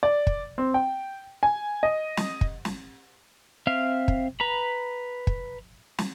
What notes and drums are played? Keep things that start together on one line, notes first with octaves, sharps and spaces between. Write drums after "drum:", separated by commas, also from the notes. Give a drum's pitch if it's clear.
D5
drum: kick
C4
G5
G#5
D#5
drum: snare
drum: kick
drum: snare
C4 E5 F5 F6
drum: kick
B4 A#5 B5
drum: kick
drum: snare